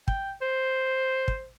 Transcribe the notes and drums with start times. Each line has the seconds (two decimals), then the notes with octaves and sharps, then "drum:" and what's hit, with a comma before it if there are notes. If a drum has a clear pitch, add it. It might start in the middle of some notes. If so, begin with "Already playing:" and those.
0.08 G5, drum: kick
0.42 C5
1.28 drum: kick